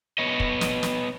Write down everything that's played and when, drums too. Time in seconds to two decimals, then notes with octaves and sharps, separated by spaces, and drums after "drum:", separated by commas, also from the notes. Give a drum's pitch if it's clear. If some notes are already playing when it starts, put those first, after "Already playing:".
0.18 B3 C#5 D#5
0.40 drum: kick
0.61 drum: snare
0.83 drum: snare